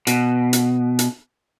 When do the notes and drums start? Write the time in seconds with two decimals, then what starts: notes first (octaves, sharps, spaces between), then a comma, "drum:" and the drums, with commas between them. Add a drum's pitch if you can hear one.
0.07 B2, drum: hi-hat
0.53 drum: hi-hat
0.99 drum: hi-hat